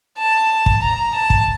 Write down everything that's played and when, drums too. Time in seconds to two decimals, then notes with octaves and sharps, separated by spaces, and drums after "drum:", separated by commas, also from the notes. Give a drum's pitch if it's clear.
0.18 A5
0.66 drum: kick
0.82 A#5
1.14 A5
1.30 drum: kick